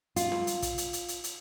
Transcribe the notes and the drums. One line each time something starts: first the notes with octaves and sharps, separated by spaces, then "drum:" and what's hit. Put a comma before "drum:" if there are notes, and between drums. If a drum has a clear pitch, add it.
F4, drum: hi-hat
drum: snare
drum: hi-hat
drum: kick, hi-hat
drum: hi-hat
drum: hi-hat
drum: hi-hat
drum: hi-hat